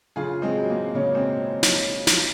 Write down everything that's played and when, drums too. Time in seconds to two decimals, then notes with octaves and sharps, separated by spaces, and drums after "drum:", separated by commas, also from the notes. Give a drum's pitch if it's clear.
0.16 C#3 F4 G#4
0.42 G#3 C4
0.56 F#3
0.70 A#3
0.95 C#3 A#3 C#4
1.15 G#3 C4
1.63 drum: snare
2.07 drum: snare